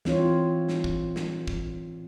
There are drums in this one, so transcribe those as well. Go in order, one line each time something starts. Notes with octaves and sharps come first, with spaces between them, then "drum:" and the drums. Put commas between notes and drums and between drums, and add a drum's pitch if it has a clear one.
E3 C4 F4 C#5, drum: snare
drum: snare
drum: kick
drum: snare
drum: kick